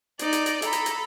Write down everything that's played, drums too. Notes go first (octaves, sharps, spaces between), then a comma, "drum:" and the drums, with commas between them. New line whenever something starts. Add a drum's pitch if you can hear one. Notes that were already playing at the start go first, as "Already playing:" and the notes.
D#4 D5, drum: hi-hat
drum: hi-hat
drum: hi-hat
A4 A#5 B5, drum: hi-hat
drum: hi-hat
drum: hi-hat